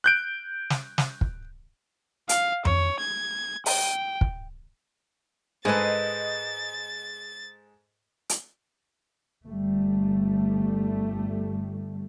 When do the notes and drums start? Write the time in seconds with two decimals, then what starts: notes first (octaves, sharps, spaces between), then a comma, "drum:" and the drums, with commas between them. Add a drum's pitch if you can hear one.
0.04 F#6 G6 D7
0.70 drum: snare
0.98 drum: snare
1.21 drum: kick
2.29 F5, drum: hi-hat
2.65 C#5, drum: tom F2
3.00 G#6
3.66 G5, drum: open hi-hat
4.21 drum: kick
5.65 G#2 G#3 G#4 A4 B4 C5 D#5 A6
8.29 drum: hi-hat
9.47 G1 G3 A3